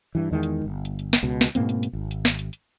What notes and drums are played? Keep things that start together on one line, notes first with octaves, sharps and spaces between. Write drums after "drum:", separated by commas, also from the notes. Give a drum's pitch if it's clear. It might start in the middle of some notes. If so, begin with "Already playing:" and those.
G2 E3
E2 D#3 G#3
drum: hi-hat
G1
drum: hi-hat
drum: hi-hat
drum: snare
C#2 B2
drum: snare
G#2 B2 A#3 C4, drum: hi-hat
drum: hi-hat
drum: hi-hat
G#1
drum: hi-hat
drum: snare
drum: hi-hat
drum: hi-hat